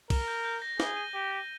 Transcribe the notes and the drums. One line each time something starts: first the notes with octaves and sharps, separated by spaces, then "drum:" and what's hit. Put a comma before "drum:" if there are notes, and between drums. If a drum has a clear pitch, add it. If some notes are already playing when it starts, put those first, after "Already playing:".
A#4 G7, drum: kick C2, cymbal
G6
G6
A#6
G#4 G7, drum: snare
D#7
G4 G7
A#6